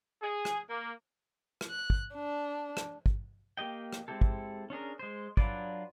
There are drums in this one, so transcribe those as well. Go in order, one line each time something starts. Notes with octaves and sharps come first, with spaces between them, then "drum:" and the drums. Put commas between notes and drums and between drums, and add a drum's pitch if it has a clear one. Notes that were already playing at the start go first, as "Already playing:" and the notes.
G#4
drum: rim click
A#3
drum: rim click
F#6
drum: kick
D4
drum: rim click
drum: kick
A#3 G4 D#5 G5
drum: rim click
G#3 C4 E4 G4 A4
drum: kick
C#4 D4 G#4 A#4
G#3 C5
F#3 D4 F4 B4 D5, drum: kick